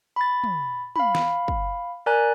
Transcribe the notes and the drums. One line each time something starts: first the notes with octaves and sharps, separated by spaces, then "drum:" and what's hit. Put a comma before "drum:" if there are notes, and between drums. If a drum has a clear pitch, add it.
B5 A6
drum: tom
F5 B5, drum: tom
drum: snare
drum: kick
A#4 D5 G#5 A#5 F#6